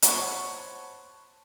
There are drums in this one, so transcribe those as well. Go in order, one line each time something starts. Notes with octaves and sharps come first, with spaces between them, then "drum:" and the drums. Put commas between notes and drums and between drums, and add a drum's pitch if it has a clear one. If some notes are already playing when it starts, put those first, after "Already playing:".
C5 C#5 F#5 A5 B5 C#6, drum: hi-hat